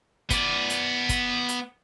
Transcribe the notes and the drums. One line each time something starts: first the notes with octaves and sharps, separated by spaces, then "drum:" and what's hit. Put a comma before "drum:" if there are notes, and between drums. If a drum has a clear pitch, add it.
B3 D5, drum: kick, hi-hat
drum: hi-hat
drum: kick, hi-hat
drum: hi-hat